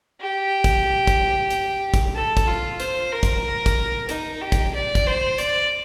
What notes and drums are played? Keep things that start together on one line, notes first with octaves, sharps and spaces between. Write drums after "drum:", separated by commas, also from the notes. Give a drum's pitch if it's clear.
G4
drum: kick, hi-hat
drum: kick, hi-hat
drum: hi-hat
drum: kick, hi-hat
A4
drum: kick, hi-hat
F4
C5, drum: hi-hat
A#4
drum: kick, hi-hat
drum: kick, hi-hat
D#4, drum: hi-hat
G4
drum: kick, hi-hat
D5
drum: kick, hi-hat
C5
D5, drum: hi-hat